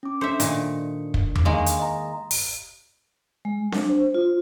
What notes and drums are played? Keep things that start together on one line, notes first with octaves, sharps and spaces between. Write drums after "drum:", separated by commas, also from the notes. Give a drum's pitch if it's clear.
C#4 D6
D4 A4 C5 E5 C#7
A#2 D#3, drum: hi-hat
drum: kick
drum: tom E2
D#3 G#3 A#3
drum: hi-hat
D#5 A#5
drum: open hi-hat
G#3
D4, drum: snare C4
C5
F4